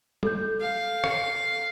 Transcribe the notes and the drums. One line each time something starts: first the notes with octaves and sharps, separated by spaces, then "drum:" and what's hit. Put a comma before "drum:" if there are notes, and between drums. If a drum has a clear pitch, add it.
A4 G6, drum: tom
F5
drum: rim click